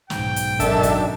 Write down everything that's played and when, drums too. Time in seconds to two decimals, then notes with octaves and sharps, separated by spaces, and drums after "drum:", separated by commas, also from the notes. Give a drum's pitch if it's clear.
0.10 B1 G#2 G5, drum: snare
0.36 drum: hi-hat
0.60 F#2 D#3 D4 A4 E5, drum: kick, hi-hat
0.83 drum: kick, hi-hat